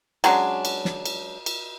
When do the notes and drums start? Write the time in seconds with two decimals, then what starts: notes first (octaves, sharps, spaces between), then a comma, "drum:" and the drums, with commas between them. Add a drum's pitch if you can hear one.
0.24 F#3 G#3 C#4 D4, drum: cymbal
0.65 drum: cymbal
0.85 drum: snare
1.05 drum: cymbal
1.46 drum: cymbal